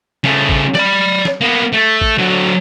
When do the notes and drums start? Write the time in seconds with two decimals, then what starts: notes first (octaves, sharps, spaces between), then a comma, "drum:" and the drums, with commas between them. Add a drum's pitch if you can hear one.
0.24 C#3 A3, drum: snare
0.49 drum: kick A1
0.75 D5 B5, drum: snare
1.25 drum: snare
1.41 A#3 B3
1.73 A3
2.01 drum: kick A1
2.18 D3 F#3